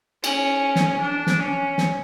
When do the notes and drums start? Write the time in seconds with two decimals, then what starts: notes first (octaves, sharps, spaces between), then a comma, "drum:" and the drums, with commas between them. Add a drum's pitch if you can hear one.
0.24 C#4, drum: cymbal
0.76 drum: snare
1.01 D4
1.27 drum: snare
1.39 C#4
1.78 drum: snare